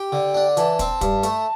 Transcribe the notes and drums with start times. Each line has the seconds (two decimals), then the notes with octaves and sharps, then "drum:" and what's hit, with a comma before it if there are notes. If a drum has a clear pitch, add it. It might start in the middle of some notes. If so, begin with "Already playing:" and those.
Already playing: G4 G5
0.12 D3
0.34 D4
0.57 E3 A5, drum: hi-hat
0.79 C4, drum: kick, hi-hat
1.01 G2, drum: kick, hi-hat
1.23 A3, drum: hi-hat